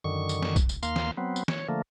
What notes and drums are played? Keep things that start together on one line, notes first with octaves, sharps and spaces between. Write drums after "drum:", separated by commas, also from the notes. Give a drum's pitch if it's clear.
F#2 D3 D#3 C#6
drum: tambourine
drum: snare
drum: kick, tambourine
drum: tambourine
D#2 A#3 F5 C6, drum: tambourine
drum: snare
F#3 B3 C4
drum: tambourine
C#5, drum: snare
D3 F3 A3 A#3